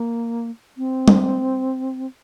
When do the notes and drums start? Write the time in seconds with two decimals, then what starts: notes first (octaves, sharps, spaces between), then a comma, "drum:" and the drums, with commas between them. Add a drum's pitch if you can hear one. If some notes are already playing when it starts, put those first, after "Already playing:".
Already playing: A#3
0.77 C4
1.08 drum: tom G3